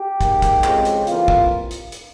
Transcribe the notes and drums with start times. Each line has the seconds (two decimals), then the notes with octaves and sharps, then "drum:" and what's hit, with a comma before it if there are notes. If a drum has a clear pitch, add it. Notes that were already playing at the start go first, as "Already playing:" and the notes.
Already playing: G4
0.21 G#2 G3 A#3, drum: kick, hi-hat
0.42 drum: kick, hi-hat
0.64 F2 C#3 F3 G#3 C4, drum: clap
0.85 drum: hi-hat
1.07 F2 C3 E3 A#3 F4, drum: hi-hat
1.28 drum: kick
1.71 drum: hi-hat
1.92 drum: hi-hat